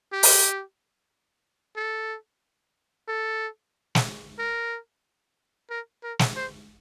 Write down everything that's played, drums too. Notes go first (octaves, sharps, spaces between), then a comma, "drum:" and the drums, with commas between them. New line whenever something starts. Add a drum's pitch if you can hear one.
G4
drum: open hi-hat
A4
A4
drum: snare
A#4
A#4
A#4
drum: snare
C5